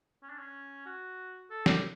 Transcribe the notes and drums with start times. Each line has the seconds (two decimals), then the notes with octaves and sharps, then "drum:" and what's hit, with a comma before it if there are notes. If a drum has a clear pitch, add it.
0.23 C#4
0.30 D4
0.39 C#4
0.86 F#4
1.50 A4
1.66 G4, drum: snare